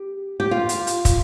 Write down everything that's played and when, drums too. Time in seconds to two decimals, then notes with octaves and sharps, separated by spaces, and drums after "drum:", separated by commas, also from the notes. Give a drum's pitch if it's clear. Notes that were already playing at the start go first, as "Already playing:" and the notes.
Already playing: G4
0.40 G4
0.51 F4
0.69 drum: hi-hat
0.87 drum: hi-hat
1.05 drum: kick, hi-hat